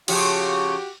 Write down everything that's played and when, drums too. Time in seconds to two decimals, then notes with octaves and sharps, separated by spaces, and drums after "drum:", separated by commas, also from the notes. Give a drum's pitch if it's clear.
0.08 C#3 F3 C#4 F#4 G4, drum: cymbal